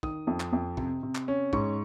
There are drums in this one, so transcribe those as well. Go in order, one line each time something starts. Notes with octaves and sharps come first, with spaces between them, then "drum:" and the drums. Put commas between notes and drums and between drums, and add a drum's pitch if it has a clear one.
D#3 D#6, drum: kick
F2
drum: clap
F2
C3, drum: kick
C3
drum: clap
C#4
G#2 C#6, drum: kick